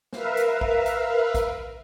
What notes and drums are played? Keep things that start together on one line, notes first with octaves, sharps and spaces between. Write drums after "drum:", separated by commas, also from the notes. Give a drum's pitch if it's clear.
A#4 B4 E5 F5, drum: snare
drum: hi-hat
drum: kick
drum: hi-hat
drum: kick, hi-hat